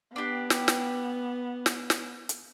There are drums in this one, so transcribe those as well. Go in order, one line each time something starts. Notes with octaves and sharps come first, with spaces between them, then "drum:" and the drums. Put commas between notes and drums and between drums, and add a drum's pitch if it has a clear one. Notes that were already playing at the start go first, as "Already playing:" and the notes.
B3 D4 G4
drum: snare
drum: snare
drum: snare
drum: snare
drum: hi-hat